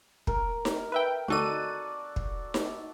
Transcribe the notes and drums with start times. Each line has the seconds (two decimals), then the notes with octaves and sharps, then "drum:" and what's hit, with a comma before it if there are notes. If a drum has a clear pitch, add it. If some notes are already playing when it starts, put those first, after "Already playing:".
0.27 A#4, drum: kick
0.65 drum: snare D#4
0.92 B4 E5 G5
1.28 D2 D#4 F#4 A4 D5 D#7
2.16 drum: kick
2.54 drum: snare D#4